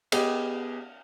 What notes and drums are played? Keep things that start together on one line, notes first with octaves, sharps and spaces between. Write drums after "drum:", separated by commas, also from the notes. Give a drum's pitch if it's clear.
B3 G4 G#4 D#5, drum: cymbal